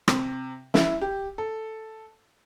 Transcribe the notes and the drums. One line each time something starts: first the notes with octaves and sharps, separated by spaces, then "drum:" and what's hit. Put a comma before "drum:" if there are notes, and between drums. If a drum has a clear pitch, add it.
C3, drum: rim click
E4, drum: snare
G4
A4